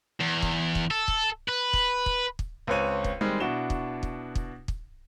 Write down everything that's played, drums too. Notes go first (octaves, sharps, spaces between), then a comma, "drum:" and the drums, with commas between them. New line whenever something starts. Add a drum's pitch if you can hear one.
E2
drum: kick
drum: kick
A4
drum: kick
B4
drum: kick
drum: kick
drum: kick
C#2 C4 B4 C#5 D#7
drum: kick
D#3 G3 G#3 C4
B2 D4 E4 F#4 E7 G7
drum: kick
drum: kick
drum: kick
drum: kick